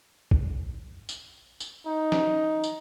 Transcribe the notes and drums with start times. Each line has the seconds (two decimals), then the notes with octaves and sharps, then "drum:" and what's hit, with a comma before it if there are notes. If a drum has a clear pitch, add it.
0.31 drum: kick
1.09 drum: tambourine
1.60 drum: tambourine
1.86 D#4
2.12 drum: snare
2.64 drum: tambourine